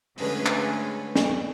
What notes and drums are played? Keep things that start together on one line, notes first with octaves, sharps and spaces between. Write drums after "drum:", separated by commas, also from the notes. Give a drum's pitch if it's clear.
D3 G#3 A3 C#4 G#4 B4, drum: open hi-hat
drum: clap
drum: snare